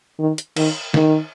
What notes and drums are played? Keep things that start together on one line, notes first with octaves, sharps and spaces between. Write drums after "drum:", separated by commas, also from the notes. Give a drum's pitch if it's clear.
D#3
drum: hi-hat
D#3, drum: cymbal
D#3, drum: snare